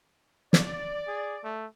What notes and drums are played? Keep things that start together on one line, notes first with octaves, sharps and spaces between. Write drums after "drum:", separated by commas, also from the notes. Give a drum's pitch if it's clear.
D5, drum: snare
G#4
A3